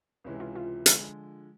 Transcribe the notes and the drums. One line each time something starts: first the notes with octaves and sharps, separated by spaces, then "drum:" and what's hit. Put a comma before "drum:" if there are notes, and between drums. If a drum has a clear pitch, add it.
C#2 C3 E3 G#3 C#4
F4
F4
D3 F3 G#3, drum: hi-hat